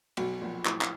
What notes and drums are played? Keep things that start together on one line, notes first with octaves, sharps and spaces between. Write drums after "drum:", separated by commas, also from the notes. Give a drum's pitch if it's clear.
B1 B2, drum: cymbal
A#1 A#2
A2, drum: clap
drum: clap